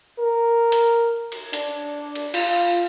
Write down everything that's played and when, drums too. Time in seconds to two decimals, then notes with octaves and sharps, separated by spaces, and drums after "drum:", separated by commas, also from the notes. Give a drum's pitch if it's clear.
0.19 A#4
0.72 drum: hi-hat
1.32 drum: cymbal
1.53 D4, drum: hi-hat
2.15 drum: cymbal
2.34 F4, drum: cymbal